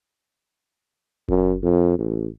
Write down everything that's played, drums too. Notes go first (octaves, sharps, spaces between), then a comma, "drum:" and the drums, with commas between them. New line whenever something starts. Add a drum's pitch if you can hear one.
F#2, drum: kick F#1
F2
A1